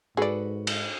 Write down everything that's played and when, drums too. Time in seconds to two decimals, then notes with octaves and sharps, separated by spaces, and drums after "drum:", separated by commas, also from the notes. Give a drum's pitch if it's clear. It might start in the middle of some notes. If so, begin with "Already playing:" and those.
0.17 G#2 F#4 G#4 A4 B4 D5
0.67 drum: cymbal